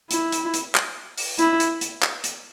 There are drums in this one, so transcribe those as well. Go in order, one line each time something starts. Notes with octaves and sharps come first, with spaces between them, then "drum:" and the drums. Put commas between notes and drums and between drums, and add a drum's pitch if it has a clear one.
E4, drum: hi-hat
drum: hi-hat
drum: hi-hat
drum: clap
drum: open hi-hat
E4, drum: hi-hat
drum: hi-hat
drum: hi-hat
drum: clap
drum: hi-hat